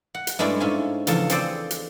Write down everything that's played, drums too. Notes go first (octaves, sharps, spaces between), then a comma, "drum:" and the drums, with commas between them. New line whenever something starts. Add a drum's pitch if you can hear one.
F#5
drum: hi-hat
G2 G#3 A3 C#4 E4 D5
G#2 C#4 F4 E5 G#5
E2 C#3 F3 A4 A5, drum: hi-hat
C4 G#4 A4 C5 D5, drum: hi-hat
drum: hi-hat